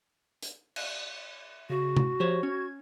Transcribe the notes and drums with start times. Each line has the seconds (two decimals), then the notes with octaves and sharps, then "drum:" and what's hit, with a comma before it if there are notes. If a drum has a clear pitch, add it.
0.42 drum: hi-hat
0.76 drum: cymbal
1.69 C#3 F#4
1.97 drum: tom C3
2.20 F3 G4 C5 C#5
2.43 C#4 G#6